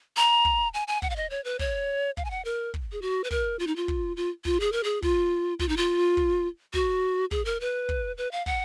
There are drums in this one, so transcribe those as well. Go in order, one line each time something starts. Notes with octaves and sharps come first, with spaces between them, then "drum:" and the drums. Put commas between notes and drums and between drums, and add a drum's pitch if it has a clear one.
A#5
drum: kick
G#5
G#5
F#5, drum: kick
F5
D#5
C#5
B4
C#5, drum: kick
F5, drum: kick
G#5
F#5
A#4
drum: kick
G#4
F#4
B4
A#4, drum: kick
F4
D#4
F4
drum: kick
F4
F4, drum: kick
G#4
A#4
G#4
F4, drum: kick
F4, drum: kick
D#4
F4
drum: kick
F#4, drum: kick
G#4, drum: kick
A#4
B4
drum: kick
B4
F5
F#5, drum: kick